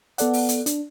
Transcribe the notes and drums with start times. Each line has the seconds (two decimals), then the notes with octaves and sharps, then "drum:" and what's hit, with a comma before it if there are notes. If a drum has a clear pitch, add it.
0.18 B3 A4 D5 F#5, drum: hi-hat
0.33 drum: open hi-hat
0.49 drum: hi-hat
0.66 D4, drum: hi-hat